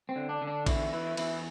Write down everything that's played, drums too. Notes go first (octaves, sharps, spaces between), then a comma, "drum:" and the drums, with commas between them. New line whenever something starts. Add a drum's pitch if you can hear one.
C4
D3
D4
D3
D4
E2 E4, drum: kick, cymbal
E3 E4
E2 E4, drum: cymbal